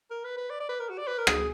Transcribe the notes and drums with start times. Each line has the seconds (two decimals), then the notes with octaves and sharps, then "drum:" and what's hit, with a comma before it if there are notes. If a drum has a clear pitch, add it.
0.11 A#4
0.24 B4
0.37 B4
0.50 D5
0.60 D5
0.69 B4
0.80 A#4
0.89 F#4
0.98 D5
1.08 B4
1.18 A#4
1.27 G#4, drum: rim click